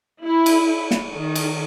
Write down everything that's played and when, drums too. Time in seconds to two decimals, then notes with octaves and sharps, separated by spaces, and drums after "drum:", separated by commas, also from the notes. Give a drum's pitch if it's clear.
0.24 E4
0.46 drum: cymbal
0.91 drum: snare
1.13 D#3
1.35 drum: cymbal